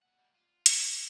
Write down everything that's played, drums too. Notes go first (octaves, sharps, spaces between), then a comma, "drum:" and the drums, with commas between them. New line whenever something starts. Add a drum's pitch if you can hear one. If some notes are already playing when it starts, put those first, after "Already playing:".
A#2 F#5
G3 A#3
F4
C4 F4, drum: hi-hat